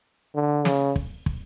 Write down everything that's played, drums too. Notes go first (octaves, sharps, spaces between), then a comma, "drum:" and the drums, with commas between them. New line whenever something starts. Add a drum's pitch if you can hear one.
D3
C#3, drum: snare
drum: kick
drum: kick